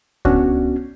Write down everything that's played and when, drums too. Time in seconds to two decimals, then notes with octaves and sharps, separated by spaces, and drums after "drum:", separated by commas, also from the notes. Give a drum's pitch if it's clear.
0.25 B3 C#4 D4 F#4, drum: kick C#2